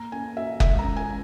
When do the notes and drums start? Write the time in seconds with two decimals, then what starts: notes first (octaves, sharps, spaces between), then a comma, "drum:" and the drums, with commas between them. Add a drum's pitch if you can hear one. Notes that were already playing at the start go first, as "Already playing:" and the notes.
Already playing: A#3 A#5
0.12 C#4 G#5
0.37 F#4 E5
0.60 G#3 E5, drum: kick F#1
0.79 A#5
0.84 C#4
0.96 G#5